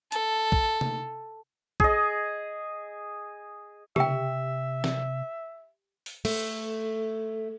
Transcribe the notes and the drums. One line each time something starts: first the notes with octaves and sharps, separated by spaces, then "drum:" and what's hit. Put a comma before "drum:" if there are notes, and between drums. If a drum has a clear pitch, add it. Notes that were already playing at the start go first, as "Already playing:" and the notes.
A4, drum: hi-hat
drum: kick A#1
drum: tom C3
G#4 D#5, drum: kick A#1
C3 G4 E5 G5, drum: tom C#3
drum: snare
drum: open hi-hat
A3, drum: cymbal